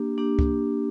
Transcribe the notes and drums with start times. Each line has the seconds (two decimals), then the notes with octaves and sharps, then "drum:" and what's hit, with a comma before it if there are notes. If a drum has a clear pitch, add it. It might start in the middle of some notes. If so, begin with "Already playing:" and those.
Already playing: A#3 D4 G4
0.18 A#3 D4 G4
0.39 drum: kick C#2